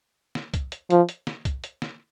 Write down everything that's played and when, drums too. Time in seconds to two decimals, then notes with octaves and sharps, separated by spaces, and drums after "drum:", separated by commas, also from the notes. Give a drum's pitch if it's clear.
0.35 drum: snare
0.54 drum: kick C2, hi-hat
0.72 drum: hi-hat
0.90 F3, drum: hi-hat
1.09 drum: hi-hat
1.27 drum: snare
1.45 drum: kick C2, hi-hat
1.64 drum: hi-hat
1.82 drum: snare